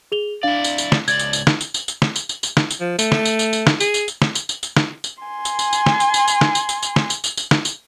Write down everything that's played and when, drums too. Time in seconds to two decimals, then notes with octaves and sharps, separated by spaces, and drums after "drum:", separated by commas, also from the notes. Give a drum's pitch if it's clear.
0.12 G#4 F7 G7
0.43 D4 E4 D5 F5
0.64 drum: tambourine
0.78 drum: tambourine
0.92 drum: snare
1.08 C#2 D5 G#6, drum: tambourine
1.19 drum: tambourine
1.33 drum: tambourine
1.47 drum: snare
1.61 drum: tambourine
1.74 drum: tambourine
1.88 drum: tambourine
2.02 drum: snare
2.16 drum: tambourine
2.29 drum: tambourine
2.43 drum: tambourine
2.57 drum: snare
2.70 drum: tambourine
2.81 F3
2.99 A3, drum: tambourine
3.12 drum: snare
3.25 drum: tambourine
3.39 drum: tambourine
3.53 drum: tambourine
3.67 drum: snare
3.80 G#4, drum: tambourine
3.94 drum: tambourine
4.08 drum: tambourine
4.22 drum: snare
4.35 drum: tambourine
4.49 drum: tambourine
4.63 drum: tambourine
4.77 drum: snare
5.04 drum: tambourine
5.23 G#5 C6
5.45 drum: tambourine
5.59 drum: tambourine
5.73 drum: tambourine
5.86 drum: snare
6.00 drum: tambourine
6.14 drum: tambourine
6.28 drum: tambourine
6.41 drum: snare
6.55 drum: tambourine
6.69 drum: tambourine
6.83 drum: tambourine
6.96 drum: snare
7.10 drum: tambourine
7.24 drum: tambourine
7.37 drum: tambourine
7.51 drum: snare
7.65 drum: tambourine